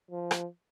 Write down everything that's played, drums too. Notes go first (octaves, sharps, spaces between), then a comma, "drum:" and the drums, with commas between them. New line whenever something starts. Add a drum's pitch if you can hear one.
F3
drum: rim click